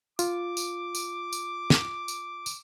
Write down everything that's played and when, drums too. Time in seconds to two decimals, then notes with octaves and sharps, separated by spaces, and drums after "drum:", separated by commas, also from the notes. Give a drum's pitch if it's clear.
0.19 F4 D6, drum: tambourine
0.57 drum: tambourine
0.95 drum: tambourine
1.33 drum: tambourine
1.70 drum: snare
2.08 drum: tambourine
2.46 drum: tambourine